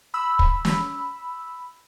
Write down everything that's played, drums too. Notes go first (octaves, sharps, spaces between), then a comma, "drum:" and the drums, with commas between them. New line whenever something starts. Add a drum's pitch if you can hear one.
B5 E6
drum: kick
drum: snare